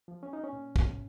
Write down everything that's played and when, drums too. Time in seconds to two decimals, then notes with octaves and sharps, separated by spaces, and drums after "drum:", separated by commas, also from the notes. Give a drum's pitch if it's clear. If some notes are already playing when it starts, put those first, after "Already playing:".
0.08 F3
0.23 C#4
0.33 D#4
0.44 C#4
0.53 A#2
0.76 drum: kick